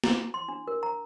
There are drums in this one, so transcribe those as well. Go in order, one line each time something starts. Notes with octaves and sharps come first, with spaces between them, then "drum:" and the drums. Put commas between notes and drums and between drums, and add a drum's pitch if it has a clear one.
E4, drum: snare
C6
D4
A#4
A#5